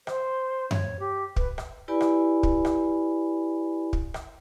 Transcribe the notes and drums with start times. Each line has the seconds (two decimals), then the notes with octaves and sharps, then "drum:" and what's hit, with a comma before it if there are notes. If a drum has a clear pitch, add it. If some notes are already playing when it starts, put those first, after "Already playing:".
0.07 C5, drum: rim click
0.71 C#5, drum: tom F#2
1.00 G4
1.36 B4, drum: kick
1.58 drum: rim click
1.88 E4 G4 B4 D5 G#5 B5
2.01 drum: rim click
2.43 drum: kick
2.65 drum: rim click
3.93 drum: kick
4.14 drum: rim click